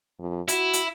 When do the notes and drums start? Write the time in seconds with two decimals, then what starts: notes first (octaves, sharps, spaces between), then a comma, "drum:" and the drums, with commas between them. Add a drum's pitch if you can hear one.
0.20 F2
0.48 E4 F#4, drum: hi-hat
0.73 drum: hi-hat